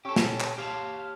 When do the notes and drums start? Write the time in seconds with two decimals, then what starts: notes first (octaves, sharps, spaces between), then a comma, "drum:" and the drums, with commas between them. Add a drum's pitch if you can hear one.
0.05 C#4 G4 A4
0.16 drum: snare
0.40 drum: clap
0.58 G4 C#5 F5 A5